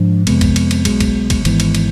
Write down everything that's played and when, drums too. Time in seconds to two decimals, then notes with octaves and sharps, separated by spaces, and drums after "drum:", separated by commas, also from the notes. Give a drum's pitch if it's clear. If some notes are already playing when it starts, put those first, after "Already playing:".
Already playing: G#2 F3 D4
0.27 F2 C3 G#3 B3, drum: cymbal
0.41 drum: kick, cymbal
0.56 drum: cymbal
0.71 drum: cymbal
0.85 B1 B2 G#3, drum: cymbal
1.00 drum: kick, cymbal
1.30 drum: kick, cymbal
1.45 G#1 G#2 E3 B3, drum: cymbal
1.60 drum: cymbal
1.75 drum: cymbal